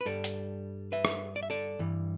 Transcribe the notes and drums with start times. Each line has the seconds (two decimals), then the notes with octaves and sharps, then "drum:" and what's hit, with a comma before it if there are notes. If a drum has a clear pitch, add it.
0.01 B4
0.06 G2 G3 A4 D5
0.24 drum: hi-hat
0.92 B4 E5
1.05 drum: rim click
1.36 D5
1.43 E5
1.50 A4 D5
1.79 G2 E3 G3